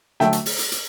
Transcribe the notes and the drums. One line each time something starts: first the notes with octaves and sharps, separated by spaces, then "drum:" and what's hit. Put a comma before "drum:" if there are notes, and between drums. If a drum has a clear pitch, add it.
D3 F#3 A3 E5 G5, drum: snare
drum: hi-hat
drum: open hi-hat
drum: hi-hat
drum: hi-hat